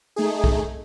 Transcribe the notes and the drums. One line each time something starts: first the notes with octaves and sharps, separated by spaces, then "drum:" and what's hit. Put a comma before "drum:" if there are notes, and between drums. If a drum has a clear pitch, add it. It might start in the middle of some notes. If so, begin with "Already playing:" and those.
A3 D#4 G#4
drum: kick